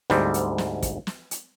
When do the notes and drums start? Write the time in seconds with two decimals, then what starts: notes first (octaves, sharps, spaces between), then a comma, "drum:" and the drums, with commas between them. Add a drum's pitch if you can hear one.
0.10 D2 G#2 G3 C4, drum: snare
0.34 drum: hi-hat
0.58 drum: snare
0.83 drum: kick, hi-hat
1.07 drum: snare
1.31 drum: hi-hat